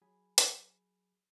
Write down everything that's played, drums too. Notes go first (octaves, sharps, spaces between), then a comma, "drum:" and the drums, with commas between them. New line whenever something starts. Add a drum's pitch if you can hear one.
F#3 G#4 G#5 B5
drum: hi-hat